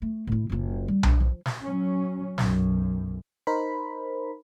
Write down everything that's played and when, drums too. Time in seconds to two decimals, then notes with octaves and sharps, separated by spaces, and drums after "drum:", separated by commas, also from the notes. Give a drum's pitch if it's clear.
0.02 A3
0.27 A2 E4
0.50 F#1 F4
0.88 G3
1.03 D4, drum: tom B1
1.20 F3
1.46 drum: snare
1.62 F#3 C#4
2.38 B1 F#2, drum: snare
3.47 D#4 A#4 C5 B5